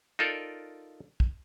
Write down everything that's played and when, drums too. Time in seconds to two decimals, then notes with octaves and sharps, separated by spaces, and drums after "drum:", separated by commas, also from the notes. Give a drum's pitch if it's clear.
0.19 D#4 F4 A4 A#4 D5
1.20 drum: kick